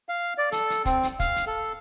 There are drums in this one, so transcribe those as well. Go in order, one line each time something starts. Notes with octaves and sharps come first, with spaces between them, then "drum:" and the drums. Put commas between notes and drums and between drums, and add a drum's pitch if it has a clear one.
F5
D5
A4, drum: hi-hat
drum: hi-hat
C4, drum: kick, hi-hat
drum: hi-hat
F5, drum: kick, hi-hat
drum: hi-hat
A4